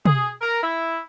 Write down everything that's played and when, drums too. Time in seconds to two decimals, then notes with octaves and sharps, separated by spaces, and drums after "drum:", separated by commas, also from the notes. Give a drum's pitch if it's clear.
0.05 G#4, drum: tom
0.41 A#4
0.63 E4